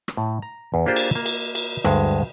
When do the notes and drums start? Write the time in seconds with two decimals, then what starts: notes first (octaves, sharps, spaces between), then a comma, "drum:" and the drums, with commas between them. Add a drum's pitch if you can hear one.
0.08 drum: rim click
0.17 A2
0.42 A#5
0.74 E2
0.86 A#3 D4 F4 G4 G#4 C5
0.96 drum: cymbal
1.15 A#3
1.26 drum: cymbal
1.55 drum: cymbal
1.84 D2 G2 G#3, drum: rim click